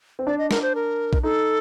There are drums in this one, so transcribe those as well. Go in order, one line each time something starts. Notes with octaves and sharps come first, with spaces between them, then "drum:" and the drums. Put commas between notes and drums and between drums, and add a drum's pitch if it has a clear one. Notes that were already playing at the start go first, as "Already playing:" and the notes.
C4
D4 D5
D#5
A#4, drum: snare
C5
A#4
drum: kick A#1
D#4 A4